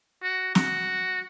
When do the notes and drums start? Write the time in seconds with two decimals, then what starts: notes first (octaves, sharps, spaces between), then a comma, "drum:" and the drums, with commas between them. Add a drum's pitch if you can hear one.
0.23 F#4
0.55 F#4, drum: snare